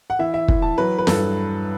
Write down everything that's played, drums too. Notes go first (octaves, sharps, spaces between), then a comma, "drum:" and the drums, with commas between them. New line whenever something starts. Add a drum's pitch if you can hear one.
F#5
E3 E5
E5
E3, drum: kick
A5
F#3 B4
B4
G2 A4, drum: snare